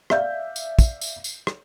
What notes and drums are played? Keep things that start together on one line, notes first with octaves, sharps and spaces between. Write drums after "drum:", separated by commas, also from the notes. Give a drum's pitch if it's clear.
D5 E5 F5 G6, drum: rim click
drum: tambourine
drum: kick, tambourine
drum: tambourine
drum: tambourine
drum: rim click